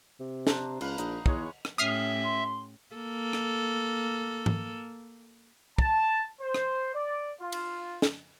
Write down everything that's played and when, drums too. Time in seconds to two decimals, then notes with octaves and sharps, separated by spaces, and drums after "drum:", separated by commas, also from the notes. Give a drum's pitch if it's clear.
0.20 C3
0.47 D4 C5 A#5, drum: snare
0.81 C#2 A#3 B4 F5, drum: cymbal
0.98 A#1 D#4, drum: hi-hat
1.26 E2 G#3 C#5 D#5, drum: kick
1.65 drum: rim click
1.78 A2 C#4 G4 E5 D#6 F6 C7
2.25 C6
2.95 A#3 A4
3.33 drum: rim click
4.46 drum: tom G#2
5.78 A5, drum: kick
6.41 C5
6.54 drum: rim click
6.94 D5
7.41 F4
7.52 drum: cymbal
8.02 drum: snare